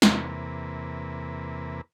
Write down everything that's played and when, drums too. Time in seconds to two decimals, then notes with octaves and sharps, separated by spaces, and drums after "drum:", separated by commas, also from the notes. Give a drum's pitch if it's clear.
0.02 E2 C3 A#3 B4, drum: snare